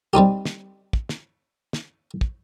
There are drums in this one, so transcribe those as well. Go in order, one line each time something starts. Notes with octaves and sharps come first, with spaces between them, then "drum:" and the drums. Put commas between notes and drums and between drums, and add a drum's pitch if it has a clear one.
G3 C4 D#4 G4
drum: snare
drum: kick
drum: snare
drum: snare
drum: kick